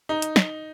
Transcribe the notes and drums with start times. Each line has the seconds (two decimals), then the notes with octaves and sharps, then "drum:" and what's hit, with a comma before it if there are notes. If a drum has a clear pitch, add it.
0.09 D#4
0.22 drum: hi-hat
0.36 drum: snare